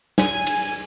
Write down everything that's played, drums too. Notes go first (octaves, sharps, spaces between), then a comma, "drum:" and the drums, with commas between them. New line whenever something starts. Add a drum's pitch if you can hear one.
G#5, drum: snare
drum: cymbal